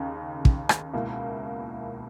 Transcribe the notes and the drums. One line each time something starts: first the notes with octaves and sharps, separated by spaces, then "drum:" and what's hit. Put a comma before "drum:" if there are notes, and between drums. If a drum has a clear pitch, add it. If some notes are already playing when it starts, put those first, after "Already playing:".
Already playing: D#2 C#3 D#4
drum: kick
drum: rim click
C#2 B2 A#3 E4